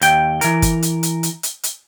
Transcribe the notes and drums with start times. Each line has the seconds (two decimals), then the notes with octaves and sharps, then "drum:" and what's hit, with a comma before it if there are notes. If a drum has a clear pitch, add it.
0.02 D#2 G5, drum: hi-hat
0.41 E3 A#4, drum: hi-hat
0.62 drum: kick G1, hi-hat
0.82 drum: hi-hat
1.03 drum: hi-hat
1.23 drum: hi-hat
1.43 drum: hi-hat
1.63 drum: hi-hat